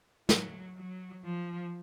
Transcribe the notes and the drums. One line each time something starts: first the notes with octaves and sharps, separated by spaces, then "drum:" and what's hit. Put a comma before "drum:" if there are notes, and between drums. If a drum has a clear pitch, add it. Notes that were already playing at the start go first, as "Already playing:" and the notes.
F#3, drum: snare
F#3
F3